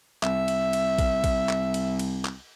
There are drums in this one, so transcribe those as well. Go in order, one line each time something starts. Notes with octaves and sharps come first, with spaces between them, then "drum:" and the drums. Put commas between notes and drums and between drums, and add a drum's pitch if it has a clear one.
C2 E5, drum: clap
drum: cymbal
drum: cymbal
drum: kick A#1, cymbal
drum: kick A#1, cymbal
drum: clap
drum: cymbal
drum: cymbal
drum: clap